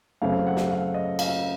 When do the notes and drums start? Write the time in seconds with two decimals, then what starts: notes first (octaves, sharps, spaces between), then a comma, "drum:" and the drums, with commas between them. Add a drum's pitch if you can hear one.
0.22 F#2 C#3 A3 C4 F5
0.47 F#5
0.57 drum: snare
0.71 F5
0.94 D#5
1.19 F5, drum: cymbal